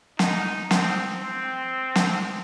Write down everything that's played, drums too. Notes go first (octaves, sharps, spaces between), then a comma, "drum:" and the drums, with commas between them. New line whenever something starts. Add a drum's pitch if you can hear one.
D#4, drum: snare
C4, drum: snare
C4
drum: snare